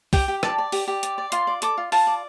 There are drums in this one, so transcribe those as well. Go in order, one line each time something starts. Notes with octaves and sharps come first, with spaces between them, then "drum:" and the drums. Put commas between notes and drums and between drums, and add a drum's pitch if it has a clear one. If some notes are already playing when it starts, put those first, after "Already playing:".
G4 G5, drum: kick, open hi-hat
G4
D5 A5, drum: rim click
D5
G4, drum: open hi-hat
G4
D5, drum: hi-hat
D5
F4 C6, drum: hi-hat
D5
A4 D6, drum: hi-hat
F4
F4 A5, drum: open hi-hat
D5